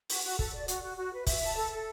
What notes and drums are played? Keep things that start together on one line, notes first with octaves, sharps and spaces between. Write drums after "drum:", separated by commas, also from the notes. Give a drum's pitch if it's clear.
F#4, drum: open hi-hat
F#4
A4, drum: kick
D5
F#4, drum: hi-hat
F#4
F#4
B4
E5, drum: kick, open hi-hat
A5
A4
A4